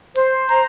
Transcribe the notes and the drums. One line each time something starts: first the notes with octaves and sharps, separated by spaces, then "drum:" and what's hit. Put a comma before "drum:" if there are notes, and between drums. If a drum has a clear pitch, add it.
C5, drum: open hi-hat
A#5, drum: hi-hat